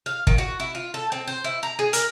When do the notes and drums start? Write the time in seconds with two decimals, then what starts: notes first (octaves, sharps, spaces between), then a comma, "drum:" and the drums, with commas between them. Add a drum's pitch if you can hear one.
0.06 F5
0.27 D#3, drum: kick
0.38 F#4
0.60 E4
0.75 F4
0.94 A4
1.12 C4
1.28 C5
1.44 E4
1.63 A#5
1.79 G#4
1.93 A#4, drum: hi-hat